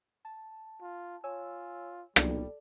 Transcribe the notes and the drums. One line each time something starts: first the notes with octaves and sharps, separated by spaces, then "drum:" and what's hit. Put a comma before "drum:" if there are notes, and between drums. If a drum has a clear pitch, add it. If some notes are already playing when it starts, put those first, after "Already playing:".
A5
F4
F4 C#5 G#5 E6
B1 G3 A4 D5, drum: rim click